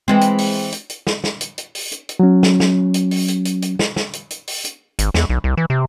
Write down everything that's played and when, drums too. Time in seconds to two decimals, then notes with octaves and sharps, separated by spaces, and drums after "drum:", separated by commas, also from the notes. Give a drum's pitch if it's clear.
0.08 E3 G#3 C4
0.21 drum: hi-hat
0.38 drum: open hi-hat
0.72 drum: hi-hat
0.90 drum: hi-hat
1.07 drum: snare
1.24 drum: snare
1.41 drum: hi-hat
1.58 drum: hi-hat
1.75 drum: open hi-hat
1.92 drum: hi-hat
2.09 drum: hi-hat
2.19 F#3 C#4
2.43 drum: snare
2.60 drum: snare
2.94 drum: hi-hat
3.11 drum: open hi-hat
3.28 drum: hi-hat
3.45 drum: hi-hat
3.62 drum: hi-hat
3.79 drum: snare
3.96 drum: snare
4.13 drum: hi-hat
4.30 drum: hi-hat
4.48 drum: open hi-hat
4.65 drum: hi-hat
4.99 G#1, drum: hi-hat
5.14 E2, drum: snare
5.30 B1
5.44 C2
5.57 E3
5.70 C3